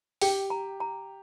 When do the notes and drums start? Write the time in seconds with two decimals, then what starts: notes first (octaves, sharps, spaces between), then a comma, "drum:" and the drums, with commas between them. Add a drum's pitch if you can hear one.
0.21 G4 G5, drum: open hi-hat
0.50 A#5
0.80 A#5